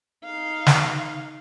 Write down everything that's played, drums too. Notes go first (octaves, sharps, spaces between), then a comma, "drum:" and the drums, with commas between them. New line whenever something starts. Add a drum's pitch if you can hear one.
D#4 F5
drum: snare